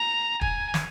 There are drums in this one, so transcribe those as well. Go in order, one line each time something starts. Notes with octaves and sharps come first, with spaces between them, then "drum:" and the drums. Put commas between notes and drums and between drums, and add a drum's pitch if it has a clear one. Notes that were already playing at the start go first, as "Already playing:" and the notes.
Already playing: A#5
G#5, drum: kick
drum: snare